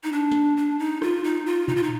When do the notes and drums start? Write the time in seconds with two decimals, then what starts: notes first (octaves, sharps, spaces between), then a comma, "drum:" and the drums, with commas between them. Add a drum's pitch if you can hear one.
0.03 D#4
0.12 D4
0.32 drum: snare
0.57 D4
0.79 D#4
1.02 F4, drum: rim click
1.24 D#4
1.46 F4
1.68 D#4, drum: tom A#2
1.76 F4
1.83 D#4